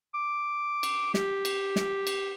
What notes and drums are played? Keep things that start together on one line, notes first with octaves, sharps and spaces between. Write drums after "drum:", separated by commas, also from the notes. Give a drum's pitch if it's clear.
D6
drum: cymbal
G4, drum: snare
drum: cymbal
drum: snare
drum: cymbal